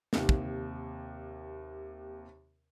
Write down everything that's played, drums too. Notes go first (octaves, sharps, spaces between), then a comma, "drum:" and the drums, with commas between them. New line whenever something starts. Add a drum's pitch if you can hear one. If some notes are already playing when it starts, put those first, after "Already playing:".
D#2 C3, drum: snare
drum: kick